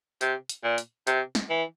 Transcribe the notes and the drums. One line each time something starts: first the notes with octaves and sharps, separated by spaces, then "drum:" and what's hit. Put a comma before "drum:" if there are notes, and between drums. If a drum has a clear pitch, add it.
C3, drum: hi-hat
drum: hi-hat
A#2
drum: hi-hat
C3, drum: hi-hat
drum: snare
E3